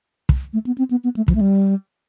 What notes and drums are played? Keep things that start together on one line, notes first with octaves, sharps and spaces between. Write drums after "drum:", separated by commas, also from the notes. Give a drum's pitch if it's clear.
drum: kick
A3
B3
C4
B3
B3
A3
F3, drum: kick
A3
G3